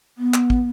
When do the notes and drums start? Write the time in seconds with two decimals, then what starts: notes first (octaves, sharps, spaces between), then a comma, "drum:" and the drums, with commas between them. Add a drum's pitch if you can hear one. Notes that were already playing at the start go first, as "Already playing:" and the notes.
0.18 B3
0.34 drum: clap
0.50 drum: kick